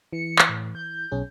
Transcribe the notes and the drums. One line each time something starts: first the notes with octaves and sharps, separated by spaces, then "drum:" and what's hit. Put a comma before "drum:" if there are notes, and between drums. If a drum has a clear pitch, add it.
E3 C#7
drum: clap
A2
G6
B1 C#4 G#4